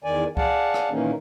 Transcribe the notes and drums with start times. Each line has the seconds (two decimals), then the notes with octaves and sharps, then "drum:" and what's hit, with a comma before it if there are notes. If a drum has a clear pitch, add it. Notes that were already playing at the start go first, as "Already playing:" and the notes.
0.04 E2 D#3 D5 G#5
0.37 G#4 D5 F5 F#5 A5, drum: kick C2
0.74 drum: rim click
0.91 A#2 D#3 E3 A#3 C#4 D#4